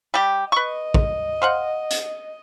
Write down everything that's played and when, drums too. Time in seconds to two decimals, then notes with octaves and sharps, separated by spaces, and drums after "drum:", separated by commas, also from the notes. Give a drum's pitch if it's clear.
0.14 G3 G4
0.52 B4 D#5 C#6
0.94 drum: kick
1.42 C5 F5 F#5
1.90 drum: hi-hat